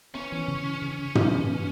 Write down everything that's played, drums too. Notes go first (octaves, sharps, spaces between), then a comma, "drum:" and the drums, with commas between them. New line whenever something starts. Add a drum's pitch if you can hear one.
B3 C#4
E3
C#3
E3
C#3
C#3
C#3, drum: tom
E3
B3